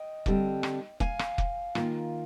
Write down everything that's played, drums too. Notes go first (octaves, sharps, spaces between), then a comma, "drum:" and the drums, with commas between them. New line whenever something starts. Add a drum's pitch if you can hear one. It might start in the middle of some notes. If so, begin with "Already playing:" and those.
Already playing: D#5 G5
D3 G3 C4, drum: kick
drum: rim click
F5 G#5, drum: kick
drum: rim click
drum: kick
D#3 A#3 F4, drum: rim click